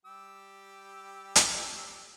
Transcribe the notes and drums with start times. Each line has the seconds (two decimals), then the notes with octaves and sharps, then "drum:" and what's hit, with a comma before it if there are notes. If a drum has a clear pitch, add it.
0.05 G3 G4 E6
1.36 drum: hi-hat